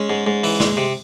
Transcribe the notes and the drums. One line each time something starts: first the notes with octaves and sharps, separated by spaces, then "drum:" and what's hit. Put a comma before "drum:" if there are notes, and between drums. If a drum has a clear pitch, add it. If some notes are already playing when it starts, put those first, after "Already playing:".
Already playing: G#3 C#4
G#2
G#2
E3, drum: open hi-hat
G#3, drum: snare
C3